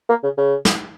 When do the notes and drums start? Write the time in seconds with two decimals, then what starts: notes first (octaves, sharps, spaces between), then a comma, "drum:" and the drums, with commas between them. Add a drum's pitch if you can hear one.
0.09 A#3
0.23 C#3
0.37 C#3
0.65 drum: snare